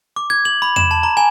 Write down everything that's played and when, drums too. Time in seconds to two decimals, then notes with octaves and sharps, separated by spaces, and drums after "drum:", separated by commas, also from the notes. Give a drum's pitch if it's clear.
0.16 D6
0.30 G#6
0.45 F#7
0.62 B5
0.76 E7, drum: tom E2
0.91 A5
1.03 A#5
1.17 G#5